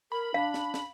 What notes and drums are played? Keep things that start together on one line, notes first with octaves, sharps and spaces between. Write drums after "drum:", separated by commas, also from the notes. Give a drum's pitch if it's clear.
A#4 B5
D4 F5
drum: snare
drum: snare